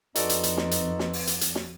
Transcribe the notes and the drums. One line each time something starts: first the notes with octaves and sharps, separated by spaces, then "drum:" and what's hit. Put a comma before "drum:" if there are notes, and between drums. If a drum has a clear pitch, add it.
F2 D#4 F#4 A4 B4 D5 C6, drum: hi-hat
drum: hi-hat
drum: hi-hat
drum: snare
drum: hi-hat
drum: snare
drum: open hi-hat
drum: hi-hat
drum: hi-hat
drum: snare